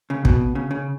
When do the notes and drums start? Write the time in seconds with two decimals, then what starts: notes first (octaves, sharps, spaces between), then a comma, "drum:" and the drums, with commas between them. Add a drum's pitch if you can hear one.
0.10 C#3
0.25 B2, drum: kick
0.55 C#3
0.71 C#3